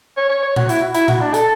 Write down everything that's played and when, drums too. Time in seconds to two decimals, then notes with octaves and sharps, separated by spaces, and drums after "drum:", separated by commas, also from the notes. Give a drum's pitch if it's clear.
0.17 C#5
0.29 C#5
0.43 C#5
0.56 F#4, drum: tom A#2
0.69 E4, drum: hi-hat
0.82 F#4
0.94 E4, drum: hi-hat
1.08 F#4, drum: tom A#2
1.21 D4
1.34 A4, drum: hi-hat